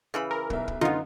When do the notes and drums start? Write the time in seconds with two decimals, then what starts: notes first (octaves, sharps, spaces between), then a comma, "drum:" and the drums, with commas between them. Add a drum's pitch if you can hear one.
0.14 C#3 E3 B5
0.31 A#4
0.50 B1 E5, drum: kick
0.68 drum: kick
0.81 F#2 D3 B3 D#4 F4